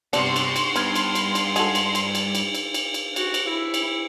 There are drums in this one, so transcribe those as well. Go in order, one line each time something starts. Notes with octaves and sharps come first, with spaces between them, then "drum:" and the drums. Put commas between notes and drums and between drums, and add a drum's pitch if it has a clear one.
G2 C3 B3 D4 F#4 C6, drum: cymbal
drum: cymbal
drum: cymbal
G2 B3 B5 F6 G#6, drum: cymbal
drum: cymbal
drum: cymbal
drum: cymbal
G#3 F#4 A4 G#5 G#6, drum: cymbal
drum: cymbal
drum: cymbal
drum: cymbal
drum: cymbal
drum: cymbal
drum: cymbal
drum: cymbal
F#4, drum: cymbal
drum: cymbal
E4
drum: cymbal